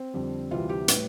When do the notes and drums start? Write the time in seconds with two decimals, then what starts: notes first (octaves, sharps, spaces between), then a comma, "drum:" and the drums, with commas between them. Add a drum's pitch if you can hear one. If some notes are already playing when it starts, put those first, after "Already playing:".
Already playing: C4
0.14 F2 D3 G3
0.51 D2 C3 E3 G3 F4
0.69 G4
0.88 A2 G3 B4, drum: hi-hat